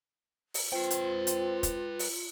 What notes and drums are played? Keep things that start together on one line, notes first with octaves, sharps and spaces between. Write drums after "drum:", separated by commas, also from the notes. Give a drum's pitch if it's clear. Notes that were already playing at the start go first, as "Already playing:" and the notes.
drum: open hi-hat
C4 F4 B4 G5
drum: hi-hat
drum: hi-hat
drum: kick, hi-hat
drum: open hi-hat